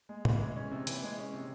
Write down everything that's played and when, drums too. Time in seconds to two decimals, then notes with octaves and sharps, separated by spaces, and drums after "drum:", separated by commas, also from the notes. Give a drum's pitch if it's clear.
0.09 G#3
0.25 E3, drum: tom
0.40 G#3
0.57 C#4
0.72 C3
0.87 E3, drum: hi-hat
1.03 G#3
1.19 C#4
1.33 C3